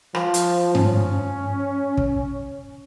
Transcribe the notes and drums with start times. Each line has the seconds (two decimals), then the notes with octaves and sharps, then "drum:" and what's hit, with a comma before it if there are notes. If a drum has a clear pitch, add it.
0.15 F3, drum: rim click
0.34 drum: hi-hat
0.75 C#4, drum: tom G2
1.97 drum: kick